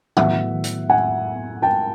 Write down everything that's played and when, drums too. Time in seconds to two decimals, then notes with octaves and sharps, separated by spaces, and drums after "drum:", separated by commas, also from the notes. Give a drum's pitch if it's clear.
0.17 A2 F#3 B3 E4 E5 F#5, drum: tom D#3
0.64 drum: hi-hat
0.89 F#5 G#5
1.62 G5 A5